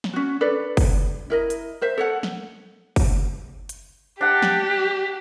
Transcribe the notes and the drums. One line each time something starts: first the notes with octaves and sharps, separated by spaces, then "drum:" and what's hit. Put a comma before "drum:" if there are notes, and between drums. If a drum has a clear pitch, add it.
drum: snare
C#4 F#4
D4 A4 B4 D5
drum: kick, open hi-hat
E4 A#4 D#5
drum: hi-hat
A#4 C5 E5
A4 C#5 F#5
drum: snare
drum: kick, open hi-hat
drum: hi-hat
D4 G4 F#5
drum: snare